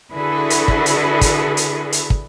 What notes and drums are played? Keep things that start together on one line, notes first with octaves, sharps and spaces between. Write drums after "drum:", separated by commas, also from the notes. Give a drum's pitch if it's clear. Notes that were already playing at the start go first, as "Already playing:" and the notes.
D3 E4 F#4 G#4 A4 B4
drum: hi-hat
drum: kick
drum: hi-hat
drum: kick, hi-hat
drum: hi-hat
drum: hi-hat
drum: kick